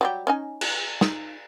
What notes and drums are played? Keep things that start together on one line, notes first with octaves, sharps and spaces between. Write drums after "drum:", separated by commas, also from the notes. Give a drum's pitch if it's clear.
F#3 G3 G4
C#4 D#4 G#5
drum: cymbal
D#4, drum: snare